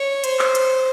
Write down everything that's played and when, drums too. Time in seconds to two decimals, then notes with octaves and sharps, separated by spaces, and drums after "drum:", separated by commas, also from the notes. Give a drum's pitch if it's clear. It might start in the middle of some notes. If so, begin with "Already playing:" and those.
Already playing: C#5
0.24 C5, drum: hi-hat
0.39 drum: clap
0.55 drum: hi-hat